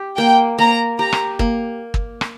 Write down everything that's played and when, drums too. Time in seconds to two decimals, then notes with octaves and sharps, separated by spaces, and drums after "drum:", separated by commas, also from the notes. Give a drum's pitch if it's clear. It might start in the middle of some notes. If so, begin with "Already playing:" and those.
Already playing: G4
0.17 A#3 G5
0.58 A#3 A#5
0.99 G4 A#5
1.13 drum: rim click
1.39 A#3, drum: kick
1.94 drum: kick
2.21 drum: rim click